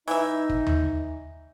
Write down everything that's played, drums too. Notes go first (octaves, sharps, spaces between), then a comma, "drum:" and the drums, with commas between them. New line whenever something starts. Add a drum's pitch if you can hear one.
E3 D#4 E5, drum: open hi-hat
drum: kick
drum: tom D#2